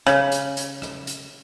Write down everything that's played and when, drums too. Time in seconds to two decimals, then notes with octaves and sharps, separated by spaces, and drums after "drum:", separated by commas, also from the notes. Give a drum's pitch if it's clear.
0.07 C#3, drum: rim click
0.32 drum: hi-hat
0.57 drum: hi-hat
0.82 drum: rim click
1.07 drum: hi-hat